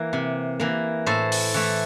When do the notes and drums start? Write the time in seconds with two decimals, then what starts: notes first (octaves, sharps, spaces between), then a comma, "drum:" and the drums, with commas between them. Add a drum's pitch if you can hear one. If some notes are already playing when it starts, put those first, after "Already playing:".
Already playing: E3 A#3
0.13 C3
0.60 E3 A#3
1.06 A2 A4 C5
1.32 drum: open hi-hat
1.54 E3 A3